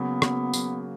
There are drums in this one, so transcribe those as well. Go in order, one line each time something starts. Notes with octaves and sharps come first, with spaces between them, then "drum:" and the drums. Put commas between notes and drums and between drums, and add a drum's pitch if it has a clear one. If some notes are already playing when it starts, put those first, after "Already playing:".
Already playing: C#3 F#3 A#3 B3
C#3 F#3 A#3, drum: rim click
C#3 F#3 A#3, drum: tambourine